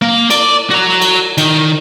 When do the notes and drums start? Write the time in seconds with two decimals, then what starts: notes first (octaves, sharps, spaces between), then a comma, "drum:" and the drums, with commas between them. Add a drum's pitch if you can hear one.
0.02 A#3
0.30 D5, drum: cymbal
0.71 F#4 A#5
1.02 drum: cymbal
1.38 D#3, drum: cymbal